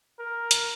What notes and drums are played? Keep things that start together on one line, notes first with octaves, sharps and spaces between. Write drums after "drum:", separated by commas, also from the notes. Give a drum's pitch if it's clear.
A#4
drum: hi-hat